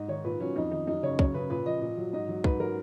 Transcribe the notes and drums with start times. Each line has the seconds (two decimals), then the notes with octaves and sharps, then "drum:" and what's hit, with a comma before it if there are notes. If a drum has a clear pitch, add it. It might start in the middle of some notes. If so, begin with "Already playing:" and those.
Already playing: G#2 D#5
0.08 D#3 C#5
0.24 A#2 B4
0.40 F#3 C#4
0.56 F2 D#4
0.71 D#3 D#4
0.87 F#2 D#4
1.03 C#3 C#5
1.19 F#2 C#5, drum: kick
1.34 C#3 B4
1.50 A#2 B4
1.66 F3 D#5
1.81 A#2
1.97 F#3
2.13 G#2 D#5
2.29 F#3
2.44 G#2 B4, drum: kick
2.60 F#3 A#4